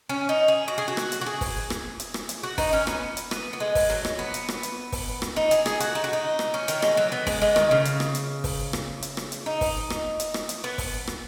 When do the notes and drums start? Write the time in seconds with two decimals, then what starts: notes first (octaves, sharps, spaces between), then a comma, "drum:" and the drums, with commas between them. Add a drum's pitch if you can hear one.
0.09 C#4
0.29 D#4
0.48 G#4
0.68 F#4
0.78 G#4
0.88 F#4
0.97 drum: rim click
1.12 drum: hi-hat
1.21 F#4
1.26 G#4
1.41 drum: kick, open hi-hat
1.70 drum: rim click
2.00 drum: hi-hat
2.14 drum: rim click
2.29 drum: hi-hat
2.43 F#4
2.58 D#4, drum: kick, open hi-hat
2.73 C#4
2.87 B3, drum: rim click
3.17 drum: hi-hat
3.31 B3, drum: rim click
3.53 B3
3.60 G#3
3.75 drum: kick, open hi-hat
3.90 F#3
4.05 drum: rim click
4.19 B3
4.34 drum: hi-hat
4.48 drum: rim click
4.63 drum: hi-hat
4.92 drum: kick, open hi-hat
5.22 drum: rim click
5.36 D#4
5.51 G#4, drum: hi-hat
5.66 G#4, drum: rim click
5.80 F#4, drum: hi-hat
5.95 D#4
6.04 F#4
6.13 D#4
6.39 drum: rim click
6.54 C#4
6.68 D#3, drum: hi-hat
6.82 G#3, drum: rim click
6.97 F#3
7.12 B3
7.27 G#3, drum: kick, open hi-hat
7.42 G#3
7.56 D#3, drum: rim click
7.71 C#3
7.85 drum: hi-hat
8.00 drum: rim click
8.15 drum: hi-hat
8.44 drum: kick, open hi-hat
8.73 drum: rim click
9.02 drum: hi-hat
9.17 drum: rim click
9.32 drum: hi-hat
9.46 D#4
9.61 drum: kick, open hi-hat
9.90 drum: rim click
10.20 drum: hi-hat
10.34 drum: rim click
10.49 drum: hi-hat
10.64 B3
10.78 drum: kick, open hi-hat
11.07 drum: rim click